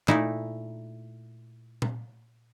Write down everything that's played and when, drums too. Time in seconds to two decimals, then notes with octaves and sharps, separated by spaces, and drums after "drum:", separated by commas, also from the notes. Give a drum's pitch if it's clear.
0.08 A#2 A3 D#4 E4, drum: clap
1.82 drum: tom A#2